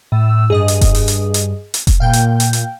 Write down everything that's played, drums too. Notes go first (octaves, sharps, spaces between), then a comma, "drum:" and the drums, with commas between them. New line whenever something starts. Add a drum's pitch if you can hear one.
A2 E6
G2 G#4 D#5 D#6
drum: hi-hat
drum: kick F1, hi-hat
drum: open hi-hat
drum: hi-hat
drum: hi-hat
drum: hi-hat
drum: kick F1, hi-hat
A#2 F5 G5 G6
drum: hi-hat
drum: hi-hat
drum: hi-hat